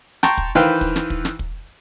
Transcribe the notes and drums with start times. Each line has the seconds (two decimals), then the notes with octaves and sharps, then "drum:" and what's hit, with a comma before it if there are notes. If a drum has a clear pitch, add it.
0.23 G5 A5 A#5 C6 C#6, drum: snare
0.37 drum: kick
0.55 D#3 E3 B4 C5 F5 G5
0.81 drum: kick
0.96 drum: snare
1.10 drum: kick
1.25 drum: snare
1.39 drum: kick